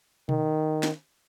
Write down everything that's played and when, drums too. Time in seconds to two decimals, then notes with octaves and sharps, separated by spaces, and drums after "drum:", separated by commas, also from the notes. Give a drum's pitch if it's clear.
0.29 D#3, drum: tom B2
0.83 drum: snare